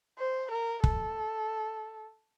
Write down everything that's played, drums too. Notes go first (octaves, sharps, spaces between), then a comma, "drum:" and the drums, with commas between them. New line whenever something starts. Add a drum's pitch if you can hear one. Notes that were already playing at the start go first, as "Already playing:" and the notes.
C5
A#4
A4, drum: kick